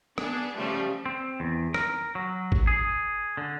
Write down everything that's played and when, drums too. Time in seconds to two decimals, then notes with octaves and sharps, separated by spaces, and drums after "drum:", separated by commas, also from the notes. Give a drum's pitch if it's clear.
0.18 B3 D4 G#4, drum: rim click
0.56 C#3 F3 G3 A3
1.06 C4
1.40 E2
1.74 A#4, drum: rim click
2.15 F#3
2.52 drum: kick
2.67 G#4
3.37 D3